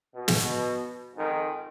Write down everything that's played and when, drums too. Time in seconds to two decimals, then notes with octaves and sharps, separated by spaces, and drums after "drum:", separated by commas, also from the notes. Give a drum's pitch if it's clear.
0.15 B2
0.28 drum: snare
1.16 F2 G#2 D#3